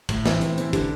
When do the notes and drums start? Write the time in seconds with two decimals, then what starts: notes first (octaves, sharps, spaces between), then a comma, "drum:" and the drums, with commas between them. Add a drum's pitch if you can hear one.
0.09 A2, drum: kick, hi-hat
0.26 E3 C4, drum: snare
0.41 A2, drum: hi-hat
0.58 E3 C4, drum: hi-hat
0.73 D3, drum: kick, hi-hat